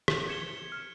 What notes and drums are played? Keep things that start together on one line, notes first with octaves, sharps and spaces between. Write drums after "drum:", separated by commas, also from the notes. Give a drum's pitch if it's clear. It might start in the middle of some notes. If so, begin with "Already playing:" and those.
drum: rim click
G#6 C#7 E7 G7
F6